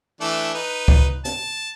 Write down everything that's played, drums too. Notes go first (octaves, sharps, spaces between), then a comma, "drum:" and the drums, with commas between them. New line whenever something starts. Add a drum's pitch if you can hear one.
E3 A3 D4
D#4 B4
drum: kick C#2
A5, drum: hi-hat